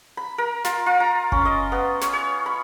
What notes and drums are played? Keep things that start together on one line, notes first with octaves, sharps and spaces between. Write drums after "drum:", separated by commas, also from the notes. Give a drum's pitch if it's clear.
B5
A#4
F4, drum: snare
F4
A#5
C#4, drum: kick F#1
D#5
B3
C#5, drum: snare
C#5
B5